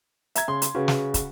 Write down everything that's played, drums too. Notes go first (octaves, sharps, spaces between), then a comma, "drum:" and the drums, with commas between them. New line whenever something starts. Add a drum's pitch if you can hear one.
E5 A#5 G#6, drum: hi-hat
C#3 C6
drum: hi-hat
C#3 F#4 B4
drum: snare
drum: kick, hi-hat